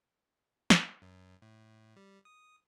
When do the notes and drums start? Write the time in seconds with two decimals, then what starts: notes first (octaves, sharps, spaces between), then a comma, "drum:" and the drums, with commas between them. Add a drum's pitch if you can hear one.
0.70 drum: snare
1.02 F#2
1.42 A2
1.96 G3
2.25 D#6